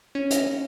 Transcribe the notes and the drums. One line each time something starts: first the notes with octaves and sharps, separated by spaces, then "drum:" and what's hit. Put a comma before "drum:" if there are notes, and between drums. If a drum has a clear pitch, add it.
C#4
drum: hi-hat